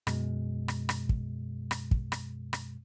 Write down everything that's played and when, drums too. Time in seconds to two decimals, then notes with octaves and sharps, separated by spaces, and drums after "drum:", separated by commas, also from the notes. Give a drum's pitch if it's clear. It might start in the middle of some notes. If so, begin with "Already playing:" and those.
0.07 F#2 B2 G#3, drum: rim click
0.68 drum: rim click
0.89 drum: rim click
1.09 drum: kick
1.71 drum: rim click
1.91 drum: kick
2.12 drum: rim click
2.53 drum: rim click